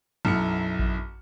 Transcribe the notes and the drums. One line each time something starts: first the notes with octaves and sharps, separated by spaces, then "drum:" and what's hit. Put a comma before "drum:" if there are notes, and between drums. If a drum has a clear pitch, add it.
B1 F#2 E4 F6 C#7, drum: tom F#2
drum: kick A1